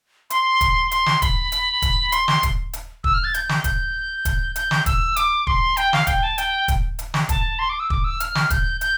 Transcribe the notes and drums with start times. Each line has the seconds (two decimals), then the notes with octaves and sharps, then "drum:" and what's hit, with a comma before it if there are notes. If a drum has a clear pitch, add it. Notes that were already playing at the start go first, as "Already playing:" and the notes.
0.30 C6, drum: hi-hat
0.61 drum: kick, hi-hat
0.91 C6, drum: hi-hat
1.06 drum: snare
1.22 B5, drum: kick, hi-hat
1.52 drum: hi-hat
1.82 drum: kick, hi-hat
2.12 C6, drum: hi-hat
2.28 drum: snare
2.43 drum: kick, hi-hat
2.73 drum: hi-hat
3.04 E6, drum: kick
3.14 F6
3.24 A6
3.34 G6, drum: hi-hat
3.49 drum: snare
3.64 G6, drum: kick, hi-hat
4.25 drum: kick, hi-hat
4.56 G6, drum: hi-hat
4.71 drum: snare
4.86 E6, drum: kick, hi-hat
5.16 D6, drum: hi-hat
5.47 C6, drum: kick
5.77 G5, drum: hi-hat
5.93 F5, drum: snare
6.07 G5, drum: kick, hi-hat
6.23 A5
6.38 G5, drum: hi-hat
6.68 drum: kick, hi-hat
6.99 drum: hi-hat
7.14 drum: snare
7.29 A5, drum: kick, hi-hat
7.59 C6
7.69 D6
7.80 E6
7.90 D6, drum: kick
8.04 E6
8.20 F6, drum: hi-hat
8.35 drum: snare
8.50 G6, drum: kick, hi-hat
8.81 G6, drum: hi-hat